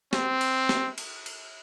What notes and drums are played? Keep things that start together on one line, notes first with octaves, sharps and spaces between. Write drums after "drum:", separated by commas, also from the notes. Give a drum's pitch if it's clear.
C4, drum: snare
drum: cymbal
drum: snare
drum: cymbal
drum: cymbal